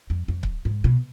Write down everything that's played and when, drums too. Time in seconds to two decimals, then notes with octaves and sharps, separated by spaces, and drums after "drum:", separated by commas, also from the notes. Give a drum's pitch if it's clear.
0.10 F2
0.28 F2
0.43 drum: kick C#1
0.65 G#2
0.84 B2